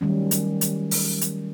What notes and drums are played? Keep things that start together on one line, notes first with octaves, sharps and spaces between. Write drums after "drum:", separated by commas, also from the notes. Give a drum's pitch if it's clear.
D#3 F#3 G3 A3 C#4
drum: hi-hat
drum: hi-hat
drum: open hi-hat
drum: hi-hat